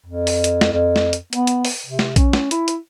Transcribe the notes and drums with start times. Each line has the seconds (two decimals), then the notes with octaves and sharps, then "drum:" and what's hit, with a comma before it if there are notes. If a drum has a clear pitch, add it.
0.06 F2
0.27 drum: open hi-hat
0.44 drum: hi-hat
0.61 drum: snare
0.73 F2
0.96 drum: snare
1.13 drum: hi-hat
1.33 B3, drum: hi-hat
1.47 drum: hi-hat
1.65 drum: open hi-hat
1.86 C3
1.99 drum: snare
2.16 C#4, drum: kick A#1, hi-hat
2.33 drum: snare
2.51 E4, drum: hi-hat
2.68 drum: hi-hat